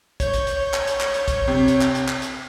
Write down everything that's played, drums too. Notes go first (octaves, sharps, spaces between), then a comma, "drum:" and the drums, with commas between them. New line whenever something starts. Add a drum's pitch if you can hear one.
C#5 G6, drum: kick, hi-hat
drum: hi-hat
drum: hi-hat
drum: clap
drum: hi-hat
drum: clap
drum: hi-hat
drum: kick, hi-hat
C3
drum: hi-hat
drum: clap
drum: hi-hat
drum: clap
drum: hi-hat